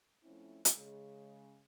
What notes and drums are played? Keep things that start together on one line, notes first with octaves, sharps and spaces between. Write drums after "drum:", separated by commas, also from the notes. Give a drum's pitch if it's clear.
F3 A3 C4 C#4 E4
drum: hi-hat
C#3 G#3